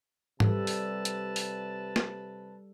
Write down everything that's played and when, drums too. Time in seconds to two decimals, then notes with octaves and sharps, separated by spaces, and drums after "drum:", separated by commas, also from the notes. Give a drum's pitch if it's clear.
0.40 C3 G3 A4 B4 A5, drum: tom
0.67 drum: open hi-hat
1.05 drum: hi-hat
1.36 drum: open hi-hat
1.96 drum: snare